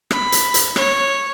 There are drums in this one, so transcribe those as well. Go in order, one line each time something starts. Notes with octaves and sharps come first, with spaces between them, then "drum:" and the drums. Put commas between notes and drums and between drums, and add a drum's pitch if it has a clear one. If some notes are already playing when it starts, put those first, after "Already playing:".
B5, drum: rim click
drum: hi-hat
drum: hi-hat
C#5, drum: rim click